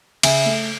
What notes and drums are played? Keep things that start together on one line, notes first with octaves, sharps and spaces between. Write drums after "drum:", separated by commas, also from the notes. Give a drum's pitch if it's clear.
C#3 E5 G#5, drum: cymbal
A3